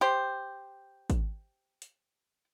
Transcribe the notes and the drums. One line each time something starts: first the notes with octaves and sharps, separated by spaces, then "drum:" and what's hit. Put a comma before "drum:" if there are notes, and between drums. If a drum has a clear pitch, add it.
G4 C5
drum: kick, hi-hat
drum: hi-hat